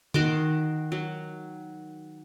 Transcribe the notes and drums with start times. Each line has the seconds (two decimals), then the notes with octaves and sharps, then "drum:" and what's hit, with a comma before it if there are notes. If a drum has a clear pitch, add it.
0.14 D#3 F#4 C6 D6, drum: tom D3
0.92 F#3